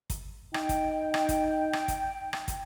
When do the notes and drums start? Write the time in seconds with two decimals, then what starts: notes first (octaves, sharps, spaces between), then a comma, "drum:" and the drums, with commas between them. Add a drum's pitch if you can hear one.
0.10 drum: kick, hi-hat
0.54 D#4 G5, drum: rim click
0.69 drum: kick, hi-hat
1.14 drum: rim click
1.29 drum: kick, hi-hat
1.73 drum: rim click
1.88 drum: kick, hi-hat
2.33 drum: rim click
2.48 drum: kick, hi-hat